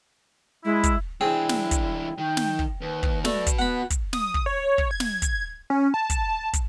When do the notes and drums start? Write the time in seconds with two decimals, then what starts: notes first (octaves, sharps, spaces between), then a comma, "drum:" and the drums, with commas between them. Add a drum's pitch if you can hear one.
0.65 G#3 E4
0.83 drum: kick, hi-hat
1.21 E2 C4 D4 E4 G#4
1.49 drum: snare
1.71 drum: kick, hi-hat
2.18 D#3 G5
2.37 drum: snare
2.59 drum: kick
2.81 D#2 B4
3.03 drum: kick
3.25 A3 F#4 B4 D5, drum: snare
3.47 drum: kick, hi-hat
3.59 B3 F#5 B5
3.90 drum: kick, hi-hat
4.13 D#6, drum: snare
4.34 drum: kick
4.46 C#5
4.78 drum: kick
4.91 G#6
5.00 drum: snare
5.22 drum: kick, hi-hat
5.70 C#4
5.94 A5
6.10 drum: kick, hi-hat
6.53 drum: kick, hi-hat